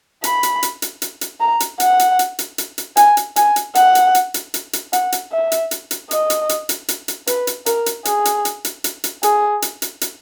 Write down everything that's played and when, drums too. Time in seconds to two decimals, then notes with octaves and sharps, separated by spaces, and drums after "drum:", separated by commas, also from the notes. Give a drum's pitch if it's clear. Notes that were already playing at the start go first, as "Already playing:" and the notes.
0.24 B5, drum: hi-hat
0.43 drum: hi-hat
0.63 drum: hi-hat
0.82 drum: hi-hat
1.02 drum: hi-hat
1.21 drum: hi-hat
1.40 A#5
1.60 drum: hi-hat
1.80 F#5, drum: hi-hat
1.99 drum: hi-hat
2.19 drum: hi-hat
2.39 drum: hi-hat
2.58 drum: hi-hat
2.78 drum: hi-hat
2.97 G#5, drum: hi-hat
3.17 drum: hi-hat
3.36 G#5, drum: hi-hat
3.56 drum: hi-hat
3.75 F#5, drum: hi-hat
3.95 drum: hi-hat
4.15 drum: hi-hat
4.34 drum: hi-hat
4.54 drum: hi-hat
4.73 drum: hi-hat
4.93 F#5, drum: hi-hat
5.12 drum: hi-hat
5.32 E5
5.52 drum: hi-hat
5.71 drum: hi-hat
5.91 drum: hi-hat
6.11 D#5, drum: hi-hat
6.30 drum: hi-hat
6.49 drum: hi-hat
6.69 drum: hi-hat
6.88 drum: hi-hat
7.08 drum: hi-hat
7.27 B4, drum: hi-hat
7.47 drum: hi-hat
7.66 A#4, drum: hi-hat
7.86 drum: hi-hat
8.05 G#4, drum: hi-hat
8.25 drum: hi-hat
8.45 drum: hi-hat
8.65 drum: hi-hat
8.84 drum: hi-hat
9.04 drum: hi-hat
9.23 G#4, drum: hi-hat
9.62 drum: hi-hat
9.82 drum: hi-hat
10.01 drum: hi-hat